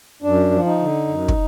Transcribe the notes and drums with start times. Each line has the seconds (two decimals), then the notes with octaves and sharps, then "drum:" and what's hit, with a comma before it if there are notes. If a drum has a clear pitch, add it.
0.22 F#2 D4
0.51 F3
0.65 D#4
0.80 D3
1.07 F#2
1.28 drum: kick